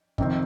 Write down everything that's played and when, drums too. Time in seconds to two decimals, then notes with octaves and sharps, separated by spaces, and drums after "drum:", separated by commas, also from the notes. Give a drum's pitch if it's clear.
0.18 F2 C3 D#3 C4, drum: kick